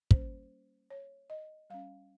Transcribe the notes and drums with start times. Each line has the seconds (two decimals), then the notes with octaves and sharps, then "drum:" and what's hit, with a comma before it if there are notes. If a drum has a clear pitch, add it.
0.11 G3 A#3 C#4 C5, drum: kick
0.90 C#5
1.30 D#5
1.70 G3 C#4 F5